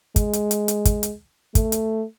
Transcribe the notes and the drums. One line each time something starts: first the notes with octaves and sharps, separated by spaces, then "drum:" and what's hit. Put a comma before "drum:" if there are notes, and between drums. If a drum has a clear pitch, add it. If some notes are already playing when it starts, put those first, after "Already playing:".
G#3, drum: kick, hi-hat
drum: hi-hat
drum: hi-hat
drum: hi-hat
drum: kick, hi-hat
drum: hi-hat
A3, drum: kick, hi-hat
drum: hi-hat